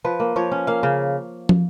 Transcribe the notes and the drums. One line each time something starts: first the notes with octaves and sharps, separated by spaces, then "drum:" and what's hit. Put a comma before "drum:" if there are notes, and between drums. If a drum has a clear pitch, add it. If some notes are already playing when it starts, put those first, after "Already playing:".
F3 B4
A#3
F3 C#5
C#4
A#3 F5
C#3
drum: tom